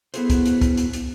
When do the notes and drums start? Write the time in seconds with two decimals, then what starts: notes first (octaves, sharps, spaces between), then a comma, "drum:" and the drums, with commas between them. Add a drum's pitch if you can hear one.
0.14 B3 E4 F#4 G#4 A4 C5, drum: hi-hat
0.30 drum: kick, hi-hat
0.46 drum: hi-hat
0.61 drum: kick, hi-hat
0.77 drum: hi-hat
0.93 drum: hi-hat